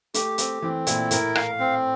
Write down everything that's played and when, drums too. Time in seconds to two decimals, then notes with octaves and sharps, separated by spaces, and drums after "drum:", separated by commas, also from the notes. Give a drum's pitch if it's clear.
0.14 A3 G4, drum: hi-hat
0.38 C4, drum: hi-hat
0.62 E3 C4
0.87 A#2 E4, drum: hi-hat
1.11 A2 A#4, drum: hi-hat
1.35 F5, drum: rim click
1.59 C4